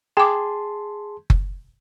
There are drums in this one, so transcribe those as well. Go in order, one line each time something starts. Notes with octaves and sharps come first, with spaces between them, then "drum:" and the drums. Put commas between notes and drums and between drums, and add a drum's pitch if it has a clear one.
G#4 G5 A5 C6 D6
drum: kick F#1